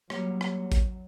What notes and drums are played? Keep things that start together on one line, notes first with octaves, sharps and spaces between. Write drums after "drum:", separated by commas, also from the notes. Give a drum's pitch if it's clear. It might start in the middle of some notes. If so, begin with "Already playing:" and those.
F#3 G3 A#3 C#5, drum: rim click
drum: rim click
drum: kick A1, hi-hat